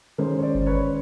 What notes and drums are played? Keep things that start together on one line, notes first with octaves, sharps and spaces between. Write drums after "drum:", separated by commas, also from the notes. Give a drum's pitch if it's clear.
D#3 G#3 C#4 A#4 C5
C#5
C5 D5
drum: kick G1
B4 C#5